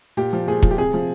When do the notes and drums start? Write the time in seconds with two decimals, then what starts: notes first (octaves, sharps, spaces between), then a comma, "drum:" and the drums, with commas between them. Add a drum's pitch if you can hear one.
0.17 A#2 G4
0.33 F3
0.48 A#2 G#4
0.62 F3, drum: kick
0.71 G4
0.78 C3 G#4
0.94 F3